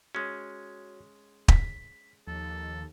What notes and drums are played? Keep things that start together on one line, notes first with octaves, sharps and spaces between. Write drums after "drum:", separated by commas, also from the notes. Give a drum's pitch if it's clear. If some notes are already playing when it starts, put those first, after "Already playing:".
G#3 C#4 F#4 C#5
B6, drum: kick
D#2 F3 A4